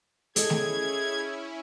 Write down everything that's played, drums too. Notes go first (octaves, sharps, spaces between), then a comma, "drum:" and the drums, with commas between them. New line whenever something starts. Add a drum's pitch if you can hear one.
C#4 E4 G#4 A4 D#5 G#6, drum: hi-hat
drum: snare A3